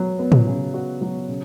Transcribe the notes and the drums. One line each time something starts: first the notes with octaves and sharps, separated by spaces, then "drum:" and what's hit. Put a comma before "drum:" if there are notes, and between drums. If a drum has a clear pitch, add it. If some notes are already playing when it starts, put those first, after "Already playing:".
Already playing: F#3 B3
B3
drum: tom A2
C#3
F#4
F#3
C#3